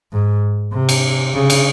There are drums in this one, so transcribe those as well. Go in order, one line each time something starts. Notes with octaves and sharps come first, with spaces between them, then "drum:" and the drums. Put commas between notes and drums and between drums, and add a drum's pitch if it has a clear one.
G#2
C3
drum: cymbal
C#3
drum: cymbal